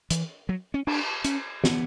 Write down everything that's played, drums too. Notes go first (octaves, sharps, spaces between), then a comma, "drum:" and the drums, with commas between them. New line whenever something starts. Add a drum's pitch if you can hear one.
E3, drum: hi-hat
F#3
C#4
D4, drum: cymbal
C#4, drum: hi-hat
B3, drum: snare